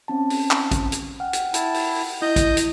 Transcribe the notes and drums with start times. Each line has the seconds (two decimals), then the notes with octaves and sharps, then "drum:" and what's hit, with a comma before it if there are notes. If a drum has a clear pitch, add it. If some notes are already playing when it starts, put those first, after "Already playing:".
0.08 C4 C#4 A5
0.30 drum: open hi-hat
0.51 drum: clap
0.71 drum: kick, hi-hat
0.92 drum: hi-hat
1.20 F#5 G5 F6
1.33 drum: hi-hat
1.54 E4 A5, drum: hi-hat
1.74 drum: open hi-hat
1.95 drum: open hi-hat
2.22 E4 D#5 D#6 G6
2.36 drum: kick, hi-hat
2.57 drum: hi-hat